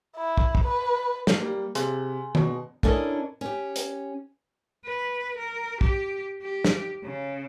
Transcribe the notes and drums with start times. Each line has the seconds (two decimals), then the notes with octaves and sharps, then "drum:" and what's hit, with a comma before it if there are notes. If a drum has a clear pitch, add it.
0.17 E4
0.38 drum: kick
0.55 drum: kick
0.64 B4
1.27 drum: snare
1.40 G3 A#3
1.75 C3 G#4 G#5 C6, drum: hi-hat
2.35 B2, drum: tom
2.83 C#4 D4 E4 A4 A#4 D#5, drum: kick
3.41 C#4 G4
3.76 drum: hi-hat
4.85 B4
5.38 A#4
5.81 G4, drum: kick
6.42 G4
6.65 drum: snare
7.04 C#3